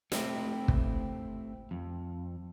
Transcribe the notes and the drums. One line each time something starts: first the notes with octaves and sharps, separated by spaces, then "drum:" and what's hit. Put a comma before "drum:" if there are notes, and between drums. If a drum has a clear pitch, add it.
A3 C4 E4 G4, drum: snare
drum: kick
F2